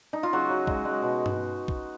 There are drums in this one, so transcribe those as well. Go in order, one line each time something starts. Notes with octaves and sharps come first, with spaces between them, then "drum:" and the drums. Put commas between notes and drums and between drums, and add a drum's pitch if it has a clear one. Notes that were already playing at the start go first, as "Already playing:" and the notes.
D#4
F4
C#3 F#3 F#4
F#3
G#3, drum: kick
G#3
B2
drum: tom G2
drum: kick